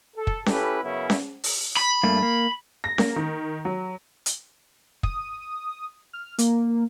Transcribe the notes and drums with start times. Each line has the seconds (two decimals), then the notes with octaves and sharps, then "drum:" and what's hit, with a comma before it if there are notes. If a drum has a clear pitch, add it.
0.17 A4
0.27 drum: kick
0.46 C#4 E4 G4 A4 B4, drum: snare C#4
0.83 F#2 C#3 F#3 B3 C#4 E4
1.10 drum: snare C#4
1.44 drum: open hi-hat
1.77 B5
2.03 G2 A3 A#3
2.23 A#3
2.84 A#6
2.98 A#3, drum: snare C#4
3.16 D#3
3.65 F#3
4.26 drum: hi-hat
5.03 D#6, drum: kick
6.13 F6
6.38 A#3, drum: hi-hat